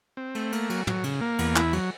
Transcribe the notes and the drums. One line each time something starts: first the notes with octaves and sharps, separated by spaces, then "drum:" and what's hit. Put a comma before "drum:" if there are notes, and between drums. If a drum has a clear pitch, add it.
C4
A3, drum: cymbal
A#3, drum: cymbal
F#3, drum: cymbal
F#3, drum: tom
C#3, drum: cymbal
A#3
E2, drum: cymbal
E4, drum: clap
F#3, drum: cymbal